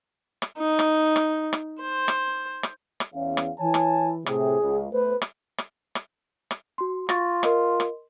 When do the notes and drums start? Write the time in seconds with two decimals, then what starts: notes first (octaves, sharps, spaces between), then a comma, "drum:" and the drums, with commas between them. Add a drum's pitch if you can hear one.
0.42 drum: rim click
0.58 D#4
0.79 drum: rim click
1.16 drum: rim click
1.53 drum: rim click
1.81 C5
2.08 drum: rim click
2.63 drum: rim click
3.00 drum: rim click
3.14 E2 C#4 F5
3.37 drum: rim click
3.59 E3 C#5 G#5 A5
3.74 drum: rim click
4.26 A2 C3 G#4, drum: rim click
4.61 C#2
4.92 A3 B3 B4 C5
5.22 drum: rim click
5.58 drum: rim click
5.95 drum: rim click
6.51 drum: rim click
6.78 F#4 C6
7.09 F4 C#6 A6 A#6, drum: rim click
7.43 A#4 D#5 C6, drum: rim click
7.80 drum: rim click